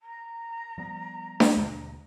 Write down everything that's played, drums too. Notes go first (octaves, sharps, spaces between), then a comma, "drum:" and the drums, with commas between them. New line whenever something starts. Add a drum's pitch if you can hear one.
A#5
F3 G3 B3
drum: snare D4
D#2 B2 D3